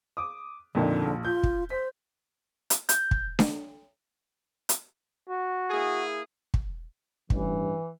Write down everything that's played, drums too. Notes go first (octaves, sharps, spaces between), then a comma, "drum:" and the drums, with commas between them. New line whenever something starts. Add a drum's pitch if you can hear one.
D6 D#6
F2 A#2 D3 D#4
A#1
F4 G6
drum: kick
C5 B6
drum: hi-hat
G6, drum: hi-hat
drum: kick
drum: snare D4
drum: hi-hat
F#4
A#3 E4 G#4
drum: kick
A1 G2 E3, drum: kick